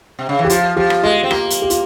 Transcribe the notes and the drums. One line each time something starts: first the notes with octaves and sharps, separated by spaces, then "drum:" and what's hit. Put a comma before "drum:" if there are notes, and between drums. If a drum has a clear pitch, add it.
C3
C#3
E3
G4
F3 F4, drum: hi-hat
F3 G4
drum: rim click
G#3 F4
C4
A#3 G4, drum: rim click
drum: hi-hat
G4
F4, drum: hi-hat